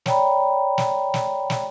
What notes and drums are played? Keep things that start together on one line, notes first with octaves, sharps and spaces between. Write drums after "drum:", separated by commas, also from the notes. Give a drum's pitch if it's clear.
C#5 D5 G5 A#5 B5, drum: snare
drum: snare
drum: snare
drum: snare